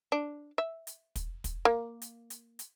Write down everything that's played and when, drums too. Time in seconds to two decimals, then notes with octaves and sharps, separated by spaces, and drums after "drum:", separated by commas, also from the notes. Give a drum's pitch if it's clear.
0.12 D4
0.58 E5
0.87 drum: hi-hat
1.16 drum: kick, hi-hat
1.44 drum: kick, hi-hat
1.65 A#3
2.02 drum: hi-hat
2.30 drum: hi-hat
2.59 drum: hi-hat